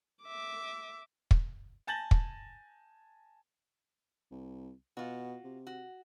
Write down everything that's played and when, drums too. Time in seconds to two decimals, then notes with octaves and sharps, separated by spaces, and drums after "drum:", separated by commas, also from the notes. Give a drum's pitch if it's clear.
0.23 E5 D6
1.31 drum: kick
1.87 G#5 A5 G6 A6 A#6 F#7
2.11 drum: kick
4.31 C2
4.97 B2 F4 F#4
5.44 C3
5.67 F#4